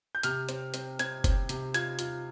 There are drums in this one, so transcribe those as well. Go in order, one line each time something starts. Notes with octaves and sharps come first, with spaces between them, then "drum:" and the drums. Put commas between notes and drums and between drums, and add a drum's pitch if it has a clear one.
G6
C3 F6, drum: hi-hat
C4, drum: hi-hat
C4, drum: hi-hat
C4 G#6, drum: hi-hat
C4, drum: kick F#1, hi-hat
C3, drum: hi-hat
F4 G#6, drum: hi-hat
F4, drum: hi-hat